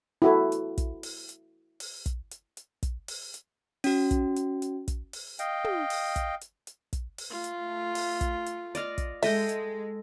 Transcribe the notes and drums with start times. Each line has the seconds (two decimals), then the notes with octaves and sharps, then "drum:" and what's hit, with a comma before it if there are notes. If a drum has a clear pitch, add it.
0.22 E4 F#4 A4
0.52 drum: hi-hat
0.78 drum: kick, hi-hat
1.03 drum: open hi-hat
1.29 drum: hi-hat
1.80 drum: open hi-hat
2.06 drum: kick, hi-hat
2.31 drum: hi-hat
2.57 drum: hi-hat
2.83 drum: kick, hi-hat
3.08 drum: open hi-hat
3.34 drum: hi-hat
3.84 C#4 F#4, drum: open hi-hat
4.11 drum: kick, hi-hat
4.36 drum: hi-hat
4.62 drum: hi-hat
4.88 drum: kick, hi-hat
5.13 drum: open hi-hat
5.39 D#5 F5 G5, drum: hi-hat
5.64 drum: tom
5.90 drum: open hi-hat
6.16 drum: kick, hi-hat
6.41 drum: hi-hat
6.67 drum: hi-hat
6.93 drum: kick, hi-hat
7.18 drum: open hi-hat
7.30 A3 F4
7.44 drum: hi-hat
7.95 drum: open hi-hat
8.21 drum: kick, hi-hat
8.46 drum: hi-hat
8.75 D5 D#5 F5, drum: hi-hat
8.98 drum: kick, hi-hat
9.22 G#3 A4 D#5 E5 G5, drum: open hi-hat
9.49 drum: hi-hat